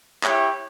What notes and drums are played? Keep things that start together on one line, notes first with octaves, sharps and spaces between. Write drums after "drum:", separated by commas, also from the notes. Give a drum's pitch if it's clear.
E4 G4 C#5 G5, drum: clap